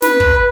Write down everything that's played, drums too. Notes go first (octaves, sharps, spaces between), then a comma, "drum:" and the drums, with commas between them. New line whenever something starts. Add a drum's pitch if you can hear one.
B4, drum: snare
drum: kick